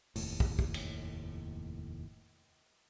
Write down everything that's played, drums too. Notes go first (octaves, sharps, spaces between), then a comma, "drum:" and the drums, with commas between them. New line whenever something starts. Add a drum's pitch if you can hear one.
F1 D#2 A2, drum: open hi-hat
drum: kick
drum: kick
drum: cymbal